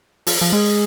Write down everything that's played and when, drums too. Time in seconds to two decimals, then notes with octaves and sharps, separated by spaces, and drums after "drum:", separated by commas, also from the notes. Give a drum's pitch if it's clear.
0.27 F3, drum: open hi-hat
0.41 F3
0.53 G#3 G#4